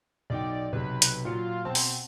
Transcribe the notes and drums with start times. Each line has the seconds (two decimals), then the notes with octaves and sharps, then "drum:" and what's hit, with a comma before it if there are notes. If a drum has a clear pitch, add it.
0.30 B1 D#4 D5 G5
0.73 B1 C3 B4
1.02 drum: hi-hat
1.25 A#2 F#3 F4 C#7
1.65 B2 C4 A5
1.75 drum: open hi-hat